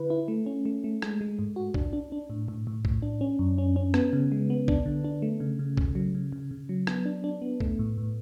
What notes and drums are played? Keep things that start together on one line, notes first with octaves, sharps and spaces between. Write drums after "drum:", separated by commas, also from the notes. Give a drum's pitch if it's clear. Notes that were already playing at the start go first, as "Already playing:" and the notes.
Already playing: D3 E4 B4
E4
A3
C#4
A3
A3
G#3, drum: rim click
G#3
G#2
F#4
D4, drum: kick B1
D4
D4
A2
A2
A2
A2, drum: kick B1
D4
C#4
F#2
C#4
C#4
B3, drum: rim click
C#3
G#3
B3
D4, drum: kick B1
D3
D4
A3
C#3
C#3
C#3, drum: kick B1
F#3
C#3
C#3
C#3
F#3
B3, drum: rim click
D4
D4
B3
A3, drum: kick B1
A2
A2